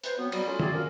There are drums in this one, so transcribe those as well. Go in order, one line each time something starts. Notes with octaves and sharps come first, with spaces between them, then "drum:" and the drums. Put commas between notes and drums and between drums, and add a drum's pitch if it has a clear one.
B4 C5, drum: hi-hat
F#3 B3 C4
F#3 G3, drum: cymbal
F#3 A3 C#4 F4
E2 F#3 C4 G#4 D5 C6, drum: tom
C#3 F3 C#4 A#4